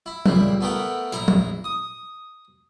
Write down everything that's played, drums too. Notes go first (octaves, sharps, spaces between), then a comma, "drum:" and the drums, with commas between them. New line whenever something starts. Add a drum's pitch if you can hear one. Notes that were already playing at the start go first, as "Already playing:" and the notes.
E4
C#2 A#2 G3 E4, drum: tom F3
A3 B3 A4 A#4 F#5 G5
A#1 E4 A#5, drum: hi-hat
drum: tom F3
D#6